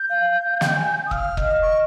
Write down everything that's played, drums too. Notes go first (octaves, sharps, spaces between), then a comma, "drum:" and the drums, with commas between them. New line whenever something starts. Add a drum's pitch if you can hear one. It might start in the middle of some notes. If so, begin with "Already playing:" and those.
Already playing: G6
F5
F5
G5, drum: snare
G#5
D#6
F5 F6, drum: kick
D#5, drum: kick
C#6